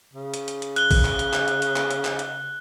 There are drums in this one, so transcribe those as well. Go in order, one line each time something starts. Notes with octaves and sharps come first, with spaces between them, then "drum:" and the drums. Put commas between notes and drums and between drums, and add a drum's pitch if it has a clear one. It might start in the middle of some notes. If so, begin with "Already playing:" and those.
C#3
drum: hi-hat
drum: hi-hat
drum: hi-hat
F#6 G7, drum: hi-hat
drum: kick, open hi-hat
drum: clap
drum: hi-hat
drum: clap
drum: hi-hat
drum: hi-hat
drum: clap
drum: hi-hat
drum: clap
drum: hi-hat